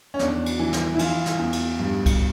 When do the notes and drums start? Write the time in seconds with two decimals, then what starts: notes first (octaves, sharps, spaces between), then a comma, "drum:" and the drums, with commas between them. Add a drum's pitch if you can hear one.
0.14 C#4
0.19 E2 D4, drum: snare
0.46 drum: cymbal
0.59 E3
0.73 drum: snare
0.95 E4
0.99 E3 F4, drum: cymbal
1.26 drum: snare
1.39 E2
1.53 drum: cymbal
1.79 G2
2.06 drum: kick, cymbal